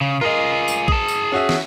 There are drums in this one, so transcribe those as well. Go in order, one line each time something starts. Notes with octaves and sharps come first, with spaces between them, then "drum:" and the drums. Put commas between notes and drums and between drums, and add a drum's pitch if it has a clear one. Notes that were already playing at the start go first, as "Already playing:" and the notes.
C#3
F4 G#4 A#4 D#5
drum: tambourine
G#4 A5, drum: kick A#1
drum: tambourine
C#4 F#4 E5
drum: snare